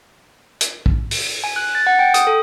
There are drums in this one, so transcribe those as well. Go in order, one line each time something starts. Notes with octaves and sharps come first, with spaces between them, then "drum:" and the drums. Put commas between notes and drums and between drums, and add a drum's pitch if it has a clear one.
drum: hi-hat
drum: kick
drum: open hi-hat
G#5
F#6
A6
F#5
G5
D#6, drum: hi-hat
A4